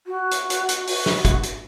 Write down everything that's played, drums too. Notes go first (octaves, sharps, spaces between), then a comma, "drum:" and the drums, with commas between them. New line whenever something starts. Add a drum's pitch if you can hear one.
F#4
drum: hi-hat
drum: hi-hat
drum: hi-hat
F#4, drum: open hi-hat
drum: snare
drum: kick, hi-hat
drum: hi-hat